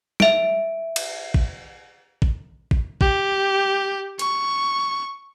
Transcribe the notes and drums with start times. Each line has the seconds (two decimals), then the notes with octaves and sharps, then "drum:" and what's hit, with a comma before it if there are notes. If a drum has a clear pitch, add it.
0.20 E5 D7, drum: snare
0.96 drum: cymbal
1.34 drum: kick G#1
2.22 drum: kick G#1
2.71 drum: kick G#1
3.01 G4, drum: kick G#1
4.19 C#6, drum: hi-hat